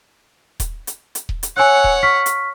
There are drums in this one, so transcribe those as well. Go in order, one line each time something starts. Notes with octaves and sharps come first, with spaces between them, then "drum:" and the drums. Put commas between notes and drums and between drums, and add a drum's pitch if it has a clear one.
drum: kick D#1, hi-hat
drum: hi-hat
drum: hi-hat
drum: kick D#1
drum: hi-hat
C#5 F#5 G#5 E6 F#6
drum: kick D#1
C#6 F6 B6
drum: hi-hat